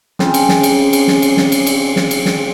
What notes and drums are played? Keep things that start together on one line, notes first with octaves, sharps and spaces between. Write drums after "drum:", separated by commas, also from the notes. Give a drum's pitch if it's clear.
C#3 C4, drum: snare
drum: cymbal
drum: snare
drum: cymbal
drum: cymbal
drum: snare
drum: cymbal
drum: snare
drum: cymbal
drum: cymbal
drum: snare
drum: cymbal
drum: snare